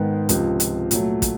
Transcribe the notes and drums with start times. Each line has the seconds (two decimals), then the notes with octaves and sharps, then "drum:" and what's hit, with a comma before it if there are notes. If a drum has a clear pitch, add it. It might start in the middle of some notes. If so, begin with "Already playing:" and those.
Already playing: G#2 D#3 G#3 B3
0.29 C#2 C3 F3, drum: hi-hat
0.60 drum: hi-hat
0.91 A#2 F#3 A3, drum: hi-hat
1.22 drum: kick, hi-hat